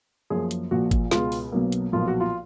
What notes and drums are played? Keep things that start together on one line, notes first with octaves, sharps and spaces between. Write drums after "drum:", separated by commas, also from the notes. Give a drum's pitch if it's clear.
F#2 F3 A#3 G#4
drum: hi-hat
A#1 A#2 F3 A#3 F#4
drum: kick, hi-hat
C#2 B2 G#3 F4, drum: snare
drum: open hi-hat
B1 B2 F#3 A#3
drum: hi-hat
B1 A#2 F3 A#3 F4
F#4
F4